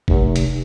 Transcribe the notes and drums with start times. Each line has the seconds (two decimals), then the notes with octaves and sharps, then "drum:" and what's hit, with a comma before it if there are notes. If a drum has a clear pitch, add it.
0.08 F1, drum: kick
0.36 drum: hi-hat